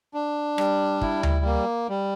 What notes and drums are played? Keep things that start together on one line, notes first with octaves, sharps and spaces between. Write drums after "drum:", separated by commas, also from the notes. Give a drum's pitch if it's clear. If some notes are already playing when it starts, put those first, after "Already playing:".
D4
G3, drum: rim click
E4, drum: kick
drum: tom D2
A#3
G3